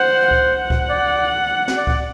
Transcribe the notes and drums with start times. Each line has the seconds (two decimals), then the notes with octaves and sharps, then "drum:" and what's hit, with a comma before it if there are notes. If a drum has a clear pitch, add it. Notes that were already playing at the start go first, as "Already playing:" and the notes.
Already playing: C5 F#5
0.31 F#5, drum: kick C#2
0.70 drum: kick C#2
0.89 D5
1.68 drum: snare
1.77 D5
1.87 drum: kick C#2